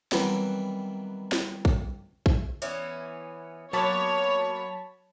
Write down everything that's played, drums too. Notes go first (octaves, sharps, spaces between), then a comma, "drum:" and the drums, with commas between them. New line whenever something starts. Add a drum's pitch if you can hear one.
D#3 E3 F#3 G3 B3 C4, drum: snare
drum: snare
drum: kick A#1
drum: kick A#1
E3 B3 C#4, drum: hi-hat
F#3 A#3 B3 C#5 A5 B5